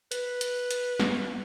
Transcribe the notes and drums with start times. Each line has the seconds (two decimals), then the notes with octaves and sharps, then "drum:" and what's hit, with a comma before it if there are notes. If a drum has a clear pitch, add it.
0.12 B4, drum: hi-hat
0.41 drum: hi-hat
0.71 drum: hi-hat
1.00 B3, drum: snare